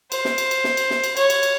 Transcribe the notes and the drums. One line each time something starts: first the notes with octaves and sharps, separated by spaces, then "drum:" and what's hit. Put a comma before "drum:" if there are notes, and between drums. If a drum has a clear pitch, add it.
C5, drum: cymbal
drum: snare
drum: cymbal
drum: cymbal
drum: snare
drum: cymbal
drum: snare
drum: cymbal
C#5, drum: cymbal
drum: cymbal
drum: cymbal